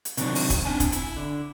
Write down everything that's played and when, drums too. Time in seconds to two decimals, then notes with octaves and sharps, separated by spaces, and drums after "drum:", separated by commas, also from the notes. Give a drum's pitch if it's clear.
0.05 drum: hi-hat
0.17 C3 D#3 E3 F#3 B3 D4, drum: hi-hat
0.35 drum: open hi-hat
0.50 drum: kick, hi-hat
0.65 C4 D4 G#5 A5
0.80 drum: kick, hi-hat
0.92 E4, drum: hi-hat
1.17 D3